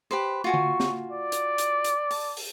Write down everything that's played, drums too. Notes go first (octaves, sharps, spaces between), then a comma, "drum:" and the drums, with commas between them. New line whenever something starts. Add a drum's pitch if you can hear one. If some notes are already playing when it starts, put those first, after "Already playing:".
G4 B4 C5
F4 F#4 G#5 C#6
drum: tom D3
drum: snare
D5
drum: hi-hat
drum: hi-hat
drum: hi-hat
A5, drum: open hi-hat
drum: open hi-hat